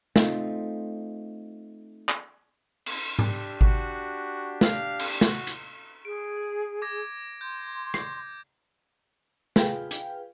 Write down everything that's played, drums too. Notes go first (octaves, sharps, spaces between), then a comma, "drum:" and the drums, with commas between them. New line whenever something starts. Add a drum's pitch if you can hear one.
A3 C4 D#4 F4, drum: snare
drum: clap
drum: cymbal
D4 G4, drum: tom G#2
F#4, drum: kick G#1
F5, drum: snare
drum: cymbal
F#4, drum: snare
drum: hi-hat
G#4 D7
D6 G#6 A#6
C6 G6
drum: rim click
F4 G#4 B4 F5 G5, drum: snare
drum: hi-hat